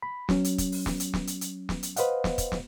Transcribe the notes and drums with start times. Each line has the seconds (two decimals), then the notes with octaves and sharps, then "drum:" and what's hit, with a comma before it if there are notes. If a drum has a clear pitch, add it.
0.02 B5
0.29 F#3 C#4, drum: snare
0.44 drum: hi-hat
0.58 drum: kick, hi-hat
0.72 drum: open hi-hat
0.86 drum: snare
1.00 drum: hi-hat
1.14 drum: snare
1.27 drum: hi-hat
1.41 drum: hi-hat
1.69 drum: snare
1.83 drum: hi-hat
1.96 B4 C5 D#5 F5 F#5, drum: hi-hat
2.24 drum: snare
2.38 drum: kick, hi-hat
2.52 drum: snare